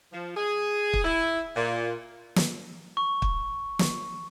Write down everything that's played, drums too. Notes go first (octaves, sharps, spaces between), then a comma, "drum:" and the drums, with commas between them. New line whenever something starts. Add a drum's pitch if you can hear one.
F3
G#4
drum: kick
E4
A#2
drum: snare
C#6
drum: kick
drum: snare